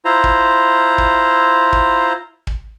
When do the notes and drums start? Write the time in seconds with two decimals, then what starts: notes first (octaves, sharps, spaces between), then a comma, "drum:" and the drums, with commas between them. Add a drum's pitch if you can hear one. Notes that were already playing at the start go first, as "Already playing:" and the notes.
0.05 E4 F4 C5 A#5
0.24 drum: kick
0.98 drum: kick
1.73 drum: kick
2.47 drum: kick